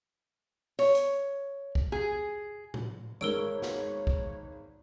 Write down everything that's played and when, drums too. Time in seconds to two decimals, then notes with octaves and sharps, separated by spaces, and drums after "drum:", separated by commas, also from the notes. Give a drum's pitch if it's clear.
0.79 C#5, drum: open hi-hat
0.95 drum: hi-hat
1.75 drum: kick
1.92 G#4
2.74 drum: tom A2
3.21 G#1 G#3 A#4 C#5 E6 D7
3.62 drum: snare
4.07 drum: kick